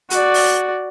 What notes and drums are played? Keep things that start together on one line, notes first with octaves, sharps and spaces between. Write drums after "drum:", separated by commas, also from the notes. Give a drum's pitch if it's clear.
F#4 D5, drum: hi-hat
drum: open hi-hat